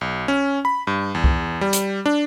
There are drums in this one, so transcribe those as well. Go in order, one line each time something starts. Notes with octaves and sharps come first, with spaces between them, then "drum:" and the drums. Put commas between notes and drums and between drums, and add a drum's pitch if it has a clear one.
B1
C#4
B5
G2
E2
drum: kick C2
G3
drum: hi-hat
D4